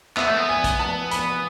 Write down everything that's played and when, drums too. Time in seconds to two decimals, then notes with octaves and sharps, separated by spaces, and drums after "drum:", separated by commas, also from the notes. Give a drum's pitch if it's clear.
0.17 B3 E5, drum: clap
0.28 A3
0.37 B3
0.49 G#5
0.64 drum: kick, hi-hat
0.79 A5
1.11 B5, drum: hi-hat